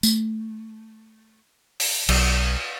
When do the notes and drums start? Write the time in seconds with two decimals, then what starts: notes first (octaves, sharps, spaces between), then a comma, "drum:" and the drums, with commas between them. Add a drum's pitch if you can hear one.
0.03 A3, drum: tambourine
1.80 drum: open hi-hat
2.09 B1, drum: cymbal